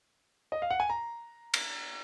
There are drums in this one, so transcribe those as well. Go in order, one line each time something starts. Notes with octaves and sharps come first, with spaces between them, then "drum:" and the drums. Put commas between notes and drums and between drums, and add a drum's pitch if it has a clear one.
D#5
F5
F#5
G#5
A#5
drum: cymbal